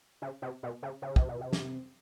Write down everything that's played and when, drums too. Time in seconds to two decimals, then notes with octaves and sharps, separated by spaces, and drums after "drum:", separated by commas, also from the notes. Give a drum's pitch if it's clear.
0.22 C#3
0.42 C3
0.63 B2
0.83 C#3
1.02 C#3
1.16 C3, drum: kick
1.29 B2
1.41 C3
1.53 drum: snare